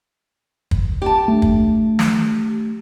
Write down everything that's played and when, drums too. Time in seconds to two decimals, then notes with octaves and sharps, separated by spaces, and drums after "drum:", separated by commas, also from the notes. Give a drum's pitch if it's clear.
0.71 drum: kick
1.02 G4 A5
1.28 A3 D4
1.42 drum: kick
1.99 drum: snare